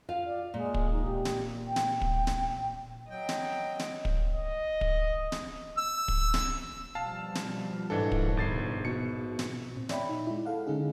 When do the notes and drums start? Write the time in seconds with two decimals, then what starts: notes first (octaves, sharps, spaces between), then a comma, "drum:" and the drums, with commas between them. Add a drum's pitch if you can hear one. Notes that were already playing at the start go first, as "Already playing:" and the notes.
0.09 F4 F5
0.26 D5
0.54 A#2 G#3
0.74 drum: kick
0.91 D#4
1.05 G4
1.25 drum: snare
1.66 G5
1.76 drum: snare
2.01 drum: kick
2.27 drum: snare
3.10 F#3 D#5 G5
3.29 drum: snare
3.79 drum: snare
4.05 drum: kick
4.34 D#5
4.81 drum: kick
5.32 drum: snare
5.78 E6
6.08 drum: kick
6.34 drum: snare
6.95 B2 F3 G3 F5 A5
7.35 drum: snare
7.90 A#1 G#2 E3 D4 A4
8.12 drum: kick
8.37 G1 A6 C7
8.85 B2 C#7
9.39 drum: snare
9.77 A#2 C4
9.89 C#5 D5 E5 G5 B5, drum: snare
10.09 D#4
10.27 G#3 E4
10.45 A4 F5 F#5
10.67 D3 G#3 C#4 D#4 G#4